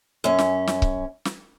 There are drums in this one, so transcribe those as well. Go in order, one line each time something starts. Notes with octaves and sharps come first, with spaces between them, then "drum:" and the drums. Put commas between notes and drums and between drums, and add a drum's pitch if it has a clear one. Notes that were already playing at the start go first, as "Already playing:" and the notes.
F#2 C#4
drum: snare
drum: snare
drum: kick C#1
drum: snare